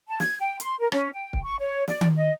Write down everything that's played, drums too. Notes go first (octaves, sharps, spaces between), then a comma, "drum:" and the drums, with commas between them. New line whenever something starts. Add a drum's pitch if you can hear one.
A5
G#6, drum: snare
G5
C6, drum: hi-hat
A#4
C#4, drum: rim click
G5
drum: kick
C#6
C#5
D5, drum: snare
drum: tom D#3
D#5